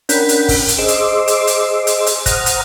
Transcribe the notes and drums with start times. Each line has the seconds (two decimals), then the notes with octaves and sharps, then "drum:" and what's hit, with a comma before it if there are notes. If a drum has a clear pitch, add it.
0.09 C#4 D4 A#4 F#5 G5 B5, drum: hi-hat
0.29 drum: hi-hat
0.49 drum: kick, open hi-hat
0.68 drum: hi-hat
0.78 G#4 C5 D#5 C6 D6 E6
0.88 drum: hi-hat
1.28 drum: hi-hat
1.47 drum: hi-hat
1.87 drum: hi-hat
2.07 drum: hi-hat
2.26 C5 F#5 A#5 D#6 F6, drum: kick, hi-hat
2.46 drum: hi-hat